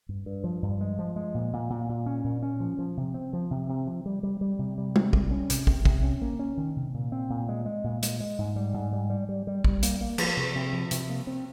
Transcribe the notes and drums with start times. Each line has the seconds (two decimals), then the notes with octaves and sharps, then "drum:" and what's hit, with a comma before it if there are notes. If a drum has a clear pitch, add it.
0.09 G2
0.26 G2
0.44 F3
0.62 G2
0.81 G#3
0.99 F3
1.16 G#3
1.34 A#2
1.53 A#2
1.70 A#2
1.89 A#2
2.06 C#4
2.24 A#2
2.43 C#4
2.60 F3
2.79 F3
2.97 C3
3.14 C4
3.33 F3
3.51 C3
3.69 C3
3.87 F3
4.06 G3
4.23 G3
4.41 G3
4.59 C3
4.78 G3
4.96 C3, drum: tom
5.13 G3, drum: kick
5.31 C#4
5.50 C3, drum: hi-hat
5.67 C3, drum: kick
5.85 C3, drum: kick
6.03 C#4
6.22 A#3
6.39 C#4
6.57 D#3
6.76 C3
6.94 A#2
7.12 C4
7.30 A#2
7.49 G#3
7.66 G#3
7.84 A#2
8.03 G#3, drum: hi-hat
8.20 G#3
8.39 G#2
8.56 G3
8.74 G#2
8.93 G3
9.10 G3
9.29 G3
9.47 G3
9.65 G3, drum: kick
9.83 A#3, drum: hi-hat
10.01 A#3
10.18 F3, drum: cymbal
10.37 C3
10.55 C3
10.73 F3
10.91 C3, drum: hi-hat
11.10 A#3
11.27 C4